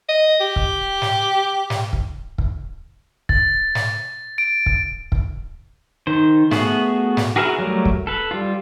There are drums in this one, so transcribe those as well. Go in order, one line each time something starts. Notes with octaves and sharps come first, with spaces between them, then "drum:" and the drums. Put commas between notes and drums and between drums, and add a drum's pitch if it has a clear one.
D#5
G4
drum: kick
drum: snare
drum: snare
drum: kick
drum: kick
A6, drum: kick
drum: snare
D7
drum: kick
drum: kick
D#3 C5
A3 B3 F#4 G#4, drum: snare
drum: snare
F#4 G#4 A#4 B4 E5
F#3 G3 A3 A#4
drum: kick
A4 B4
G3 F4